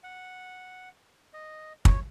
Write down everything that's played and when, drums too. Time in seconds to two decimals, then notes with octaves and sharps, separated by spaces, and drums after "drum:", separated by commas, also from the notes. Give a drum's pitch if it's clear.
0.04 F#5
1.33 D#5
1.85 C#5, drum: kick